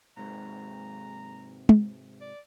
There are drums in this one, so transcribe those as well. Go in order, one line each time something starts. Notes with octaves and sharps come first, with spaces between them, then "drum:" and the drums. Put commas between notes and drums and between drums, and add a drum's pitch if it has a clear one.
G#2 C3 G#3 A#5
drum: tom
D5